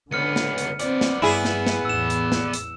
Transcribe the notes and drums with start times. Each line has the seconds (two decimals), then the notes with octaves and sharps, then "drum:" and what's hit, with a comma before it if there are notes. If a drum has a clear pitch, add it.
0.11 C#2 D3 B3 F6 C#7 D#7
0.36 drum: snare
0.58 drum: hi-hat
0.80 B3 C4 D5, drum: hi-hat
1.01 drum: snare
1.22 G1 E4 G#4 D7
1.45 drum: snare
1.66 drum: snare
1.85 A1 E2 E6 E7
2.10 drum: hi-hat
2.32 drum: snare
2.53 drum: hi-hat